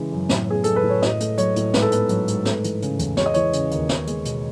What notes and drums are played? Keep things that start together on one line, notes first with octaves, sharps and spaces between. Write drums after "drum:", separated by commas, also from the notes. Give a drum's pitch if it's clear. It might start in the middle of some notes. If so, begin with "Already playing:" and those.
Already playing: C#3 E3 G#3
F#2
A2, drum: snare
B3 G#4
G#3 A4, drum: hi-hat
B4
A2
C#5
A2 D#5, drum: snare
A3, drum: hi-hat
F#3 C#5, drum: hi-hat
A2, drum: hi-hat
G#2 B4, drum: snare
A4
B3 B4, drum: hi-hat
F#3, drum: hi-hat
G#2, drum: hi-hat
A3, drum: snare
E3, drum: hi-hat
C#3, drum: hi-hat
E2, drum: hi-hat
G#3 C#5, drum: snare
D#5
E3 C#5, drum: hi-hat
C#3, drum: hi-hat
D#2, drum: hi-hat
B3, drum: snare
G#3, drum: hi-hat
B2, drum: hi-hat